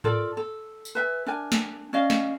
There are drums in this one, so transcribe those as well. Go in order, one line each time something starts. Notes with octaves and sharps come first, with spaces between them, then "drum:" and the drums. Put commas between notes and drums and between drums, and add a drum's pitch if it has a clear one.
F4 A4 A#4 D5, drum: tom G#2
A4
drum: tambourine
B4 E5 G#5
D4 A#4 G#5
drum: snare
C#4 D5 D#5 F5
drum: snare